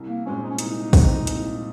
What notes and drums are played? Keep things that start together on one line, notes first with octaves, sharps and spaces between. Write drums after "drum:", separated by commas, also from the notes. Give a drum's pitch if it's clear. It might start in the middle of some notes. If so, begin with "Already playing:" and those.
Already playing: C2
A#3
A#2 G#3 C4 C#4
D#4
C#4
C2 D#4, drum: hi-hat
A#2 G#3 C4, drum: kick, open hi-hat
C2, drum: hi-hat